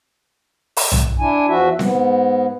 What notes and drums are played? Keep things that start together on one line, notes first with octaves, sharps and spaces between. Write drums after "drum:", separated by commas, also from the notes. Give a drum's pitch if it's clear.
drum: open hi-hat
drum: tom
D4 E4 G#5
E2 F3 F#4 E5
G#2 B3, drum: snare C4